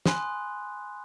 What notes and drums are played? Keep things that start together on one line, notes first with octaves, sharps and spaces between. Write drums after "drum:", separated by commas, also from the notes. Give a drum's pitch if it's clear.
G#5 B5 C6 D#6 F#6, drum: snare